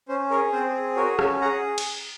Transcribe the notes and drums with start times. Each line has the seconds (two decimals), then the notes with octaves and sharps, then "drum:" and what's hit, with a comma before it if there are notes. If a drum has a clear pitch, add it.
0.08 C#4 C5
0.30 G#4 A#4 C#5
0.52 C4 C5
0.75 G#4
0.96 F#4 A#4 C#5
1.19 C#4 F5 G#5, drum: rim click
1.41 G#4 F#5 A#5
1.78 drum: cymbal